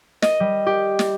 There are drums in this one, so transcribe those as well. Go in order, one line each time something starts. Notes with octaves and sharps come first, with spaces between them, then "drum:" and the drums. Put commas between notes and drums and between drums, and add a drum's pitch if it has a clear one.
D#5, drum: snare
G3
G4
drum: snare